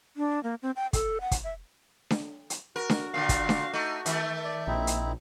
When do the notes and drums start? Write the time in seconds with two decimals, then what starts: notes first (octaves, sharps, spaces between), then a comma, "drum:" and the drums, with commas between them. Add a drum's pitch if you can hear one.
0.17 D4
0.43 A#3
0.62 C4
0.76 G5
0.93 A4, drum: kick, hi-hat
1.21 F#5
1.31 drum: kick, hi-hat
1.44 E5
2.10 drum: snare D4
2.50 drum: hi-hat
2.76 F#4 A#4
2.90 drum: snare D4
3.14 A#2 D3 F5
3.29 drum: kick, hi-hat
3.49 drum: snare D4
3.73 A3 D#4
4.06 D#3 A3 E5, drum: hi-hat
4.44 D5
4.67 A#1 C4 D#4 E4
4.87 drum: hi-hat